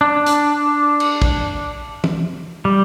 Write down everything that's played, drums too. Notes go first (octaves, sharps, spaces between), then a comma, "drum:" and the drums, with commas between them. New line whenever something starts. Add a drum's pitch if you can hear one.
D4
drum: hi-hat
drum: cymbal
drum: kick
drum: tom
G3